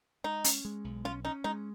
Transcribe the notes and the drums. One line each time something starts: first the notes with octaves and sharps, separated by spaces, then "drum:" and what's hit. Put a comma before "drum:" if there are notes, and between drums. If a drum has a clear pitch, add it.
G#3 D#4
C#4, drum: hi-hat
G#3
B1
C#4 F4
C#4 D#4
G#3 D#4